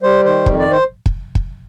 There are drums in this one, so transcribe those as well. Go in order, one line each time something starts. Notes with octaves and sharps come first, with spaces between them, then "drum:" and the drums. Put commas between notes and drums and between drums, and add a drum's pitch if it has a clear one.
G3 C5
D#3 C5
F2, drum: kick
D5
C5
drum: kick
drum: kick